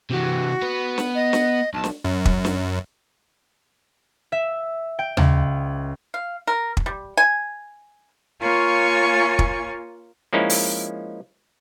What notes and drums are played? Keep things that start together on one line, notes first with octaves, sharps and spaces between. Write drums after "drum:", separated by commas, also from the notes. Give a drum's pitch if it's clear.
C3 E3 F#4
B3 B4
drum: snare
D#5
drum: snare
B1 A5
drum: snare
F#2
drum: kick
drum: snare
E5
G5
C#2, drum: tom D#2
F5
A#4
drum: kick
G3
G#5
A#3 F4 C#5 G#5 C#6
drum: kick
F3 G#3 A#3 C#4 D#4 E4
drum: open hi-hat